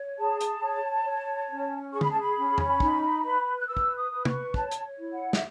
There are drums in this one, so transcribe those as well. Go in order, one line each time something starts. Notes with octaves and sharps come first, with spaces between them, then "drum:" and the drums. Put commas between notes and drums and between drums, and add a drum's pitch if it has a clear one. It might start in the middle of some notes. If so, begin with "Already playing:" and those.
Already playing: C#5
G#4 A5
drum: hi-hat
C#5
C#5
C#4
G#4 C#6
B5, drum: tom
A5
B5
C#4
drum: tom E2
D#4, drum: kick
B4
F#6
B4 E6
drum: kick
D#6
B4
C#6, drum: tom
C#5 A5, drum: kick
drum: hi-hat
E4
F#5
E5, drum: snare